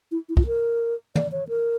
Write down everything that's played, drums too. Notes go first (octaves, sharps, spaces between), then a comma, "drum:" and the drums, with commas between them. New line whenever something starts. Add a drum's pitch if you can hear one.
E4
E4
F4, drum: kick
A#4
D5, drum: tom
C#5
A#4